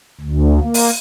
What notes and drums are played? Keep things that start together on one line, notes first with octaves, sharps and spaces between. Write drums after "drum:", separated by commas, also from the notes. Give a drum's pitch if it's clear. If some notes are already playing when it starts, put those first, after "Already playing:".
D2
A#3
drum: open hi-hat